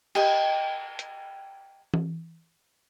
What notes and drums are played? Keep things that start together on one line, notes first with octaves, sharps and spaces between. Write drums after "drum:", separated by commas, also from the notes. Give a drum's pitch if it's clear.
G4 D#5 G5 A5, drum: cymbal
drum: hi-hat
drum: tom E3